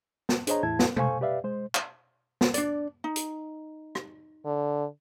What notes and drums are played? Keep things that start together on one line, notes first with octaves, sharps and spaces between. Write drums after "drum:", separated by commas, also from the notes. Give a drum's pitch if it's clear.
drum: snare
D4 G#4 C5 C#5 D#5 A#5, drum: hi-hat
E2 A2 E4 A5 G#6
drum: snare
A4 C5 F5 G#5 C#6, drum: tom B2
G4 B4 D5 E5 F5
G#3 C5
drum: clap
drum: snare
D4 D5, drum: hi-hat
D#4
drum: hi-hat
drum: rim click
D3